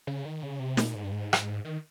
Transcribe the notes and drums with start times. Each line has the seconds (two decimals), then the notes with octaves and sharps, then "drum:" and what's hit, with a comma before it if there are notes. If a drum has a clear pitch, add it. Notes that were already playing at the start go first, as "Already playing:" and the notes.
0.07 C#3
0.25 D#3
0.43 C#3
0.59 C3
0.77 A#2, drum: snare
0.95 G#2
1.04 G2
1.12 G#2
1.33 drum: rim click
1.65 D#3